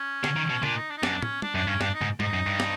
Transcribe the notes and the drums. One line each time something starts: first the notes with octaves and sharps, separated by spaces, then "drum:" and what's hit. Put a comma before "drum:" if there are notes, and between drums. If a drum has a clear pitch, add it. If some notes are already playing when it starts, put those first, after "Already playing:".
Already playing: C#4
D3, drum: snare
D#3
B2
A#2 D4, drum: tom
D#4
D4
D#4
F#2 D4, drum: snare
C#4, drum: tom
D4, drum: tom
F#2 D4
G2 C#4
G2 D4, drum: snare
D#4
G#2, drum: tom
G#2 D#4, drum: tom
F#2
G2
drum: snare